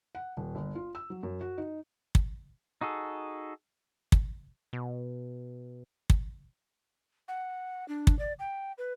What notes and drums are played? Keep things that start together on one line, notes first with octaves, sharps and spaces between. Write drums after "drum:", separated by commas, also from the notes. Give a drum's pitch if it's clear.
F#5
D#1
G1
F4
E6
F#3
F#2
F#4
D#4
drum: kick
D#4 F#4 G#4 A4
drum: kick
B2
drum: kick
F#5
D4
drum: kick
D5
G5
B4